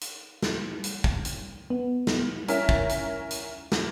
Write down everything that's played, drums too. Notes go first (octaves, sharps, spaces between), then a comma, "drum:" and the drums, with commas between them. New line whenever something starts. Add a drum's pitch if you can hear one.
drum: hi-hat
drum: snare
drum: hi-hat
drum: kick
drum: hi-hat
B3
drum: snare
C#4 E4 A#4 E5, drum: hi-hat
drum: kick
drum: hi-hat
drum: hi-hat
drum: snare